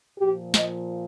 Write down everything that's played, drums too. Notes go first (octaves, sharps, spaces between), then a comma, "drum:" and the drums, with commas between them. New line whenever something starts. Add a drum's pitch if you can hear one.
A#2 F3 G4
D#5, drum: snare